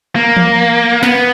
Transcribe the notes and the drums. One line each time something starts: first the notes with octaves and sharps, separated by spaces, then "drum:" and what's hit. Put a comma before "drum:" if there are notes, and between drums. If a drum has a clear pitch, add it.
A#3
drum: tom E3
B3, drum: snare